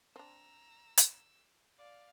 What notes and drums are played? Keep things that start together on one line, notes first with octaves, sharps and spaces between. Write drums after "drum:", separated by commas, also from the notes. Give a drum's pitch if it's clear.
C4 D4 A#5 E6
drum: hi-hat
D5 F5